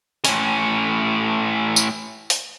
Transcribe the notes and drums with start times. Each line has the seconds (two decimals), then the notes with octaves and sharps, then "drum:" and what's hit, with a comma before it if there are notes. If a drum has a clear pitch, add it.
0.25 A2 C#4, drum: open hi-hat
1.76 drum: tambourine
2.30 drum: open hi-hat